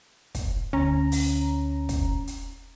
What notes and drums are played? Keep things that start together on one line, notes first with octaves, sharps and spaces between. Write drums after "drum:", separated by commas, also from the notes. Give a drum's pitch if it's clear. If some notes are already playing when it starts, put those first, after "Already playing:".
drum: kick, hi-hat
D2 C#4 A#5
drum: open hi-hat
drum: kick, hi-hat
drum: hi-hat